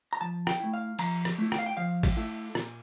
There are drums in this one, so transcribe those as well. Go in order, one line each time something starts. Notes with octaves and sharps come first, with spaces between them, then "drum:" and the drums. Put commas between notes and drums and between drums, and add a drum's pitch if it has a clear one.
A#5
F3 A5
G5, drum: rim click
A3 E4
F5
F3 A#5, drum: cymbal
drum: rim click
A3 E4
G5, drum: rim click
F5
G5
F3 F5
drum: kick, cymbal
A3 E4
A#2, drum: rim click